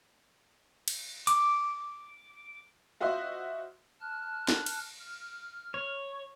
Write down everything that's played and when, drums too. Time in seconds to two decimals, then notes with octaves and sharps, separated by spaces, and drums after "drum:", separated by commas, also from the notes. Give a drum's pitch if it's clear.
0.88 drum: cymbal
1.27 D6, drum: hi-hat
3.00 F4 F#4 C5 D#5 E5 C6
4.01 A5 F6 F#6
4.48 drum: snare
4.66 drum: cymbal
5.00 F6
5.74 C#5